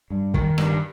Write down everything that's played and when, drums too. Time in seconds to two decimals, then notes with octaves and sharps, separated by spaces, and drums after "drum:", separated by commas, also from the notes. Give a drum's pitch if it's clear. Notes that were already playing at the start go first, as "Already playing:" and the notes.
0.10 G2
0.34 D#3, drum: kick
0.58 G2, drum: rim click